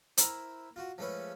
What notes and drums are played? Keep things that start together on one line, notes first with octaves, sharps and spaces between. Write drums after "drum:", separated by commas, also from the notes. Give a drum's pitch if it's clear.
E4 A#4 C5, drum: hi-hat
F4 F#4
F3 G#3 A3 C#4 B4 C#5